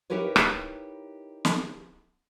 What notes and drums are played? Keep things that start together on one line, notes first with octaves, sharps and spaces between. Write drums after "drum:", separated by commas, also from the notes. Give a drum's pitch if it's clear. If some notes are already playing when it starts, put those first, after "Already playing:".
D#4 E4 G4 A#4 B4 C#5
drum: rim click
drum: snare